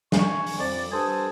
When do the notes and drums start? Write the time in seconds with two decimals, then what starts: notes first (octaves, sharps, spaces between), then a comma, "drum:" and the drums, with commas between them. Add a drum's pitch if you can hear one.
0.12 G#5 C#6, drum: snare
0.47 drum: open hi-hat
0.58 F2 D5
0.91 G2 A4 C5 G#5 A5 D#6